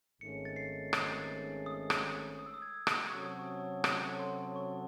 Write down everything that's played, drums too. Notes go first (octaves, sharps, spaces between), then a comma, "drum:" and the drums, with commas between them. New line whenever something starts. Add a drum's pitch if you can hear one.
G#1 G#2 D#3 A3 C#4 C#7
A6
C7
A6, drum: rim click
D#6
drum: rim click
D#6
E6
D#6
G#6
D#6, drum: rim click
C3 F#3 C#4 F#4 A4 C#6
D#6
C#6
C#6, drum: rim click
C6
C#6